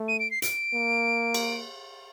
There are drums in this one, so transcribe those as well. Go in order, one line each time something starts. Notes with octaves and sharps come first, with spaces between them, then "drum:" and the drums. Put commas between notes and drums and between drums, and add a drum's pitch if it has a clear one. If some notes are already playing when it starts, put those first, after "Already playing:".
Already playing: A3
D#7
D7
C7
D7, drum: hi-hat
A#3
drum: cymbal